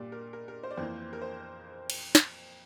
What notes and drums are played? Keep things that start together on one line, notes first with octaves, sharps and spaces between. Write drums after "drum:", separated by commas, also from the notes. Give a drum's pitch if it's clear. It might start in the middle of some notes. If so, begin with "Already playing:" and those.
Already playing: A#2 G3 A#3 D5
A#4
A#4
A#4
C5
D5
F2 E3 A#3 C5
A#4
C5
drum: cymbal
drum: snare